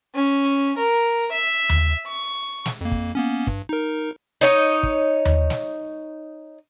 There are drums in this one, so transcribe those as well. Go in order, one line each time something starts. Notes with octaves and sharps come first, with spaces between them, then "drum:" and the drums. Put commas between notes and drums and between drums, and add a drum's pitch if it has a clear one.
C#4
A#4
E5
drum: tom D#2
C#6
drum: snare
F2 A#3
drum: kick
A#3 B3 C#4
G2, drum: kick
D#4 A#4
D#4 C#5 D#5
drum: kick
drum: tom D#2
drum: snare